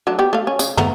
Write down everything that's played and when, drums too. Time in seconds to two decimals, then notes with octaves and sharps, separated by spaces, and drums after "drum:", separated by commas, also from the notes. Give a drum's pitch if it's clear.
0.07 F#3 A3 D4
0.19 B3 G4
0.33 A3 F5
0.47 C#4
0.59 C#3, drum: tambourine
0.77 A3 B3 A#5, drum: tom